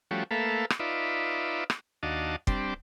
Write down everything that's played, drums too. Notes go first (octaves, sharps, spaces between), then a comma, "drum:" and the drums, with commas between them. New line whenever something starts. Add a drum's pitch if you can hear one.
F3 G3 A3 C#4 F#4
A3 A#3 A4 B4 E5 F5
drum: rim click
D#4 F4 B4 D5 E5
drum: rim click
D#2 D4 F#4 D#5 F5 A5
G3 C4 D4, drum: kick